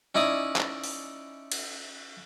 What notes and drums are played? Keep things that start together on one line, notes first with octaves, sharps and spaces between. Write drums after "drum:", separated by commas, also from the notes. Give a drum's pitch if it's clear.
C#4 D#4 E4 D5 D#6
drum: clap
drum: open hi-hat
drum: cymbal